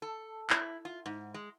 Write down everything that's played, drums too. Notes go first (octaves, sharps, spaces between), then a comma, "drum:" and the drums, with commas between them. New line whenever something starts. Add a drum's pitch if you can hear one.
A4
E4, drum: clap
F4
G#2
G#3